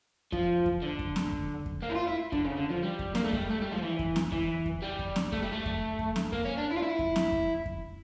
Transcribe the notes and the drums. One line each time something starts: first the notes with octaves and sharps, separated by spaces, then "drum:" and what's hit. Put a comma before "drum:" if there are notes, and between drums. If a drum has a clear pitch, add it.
F3, drum: kick F2
drum: kick F2
D3
drum: kick F2
drum: snare C4
drum: kick F2
drum: kick F2
A#3
E4
F4
E4
D3, drum: kick F2
C#3
D3
F3
G3
drum: kick F2
A#3, drum: snare C4
A3
G3, drum: kick F2
A3
G3
F3
E3
drum: kick F2
drum: snare C4
E3, drum: kick F2
drum: kick F2
G3
drum: kick F2
drum: snare C4
A3, drum: kick F2
G3
A3
drum: kick F2
drum: kick F2
drum: snare C4
A#3, drum: kick F2
C#4
D4
E4
F4
E4
drum: kick F2
drum: snare C4
drum: kick F2
drum: kick F2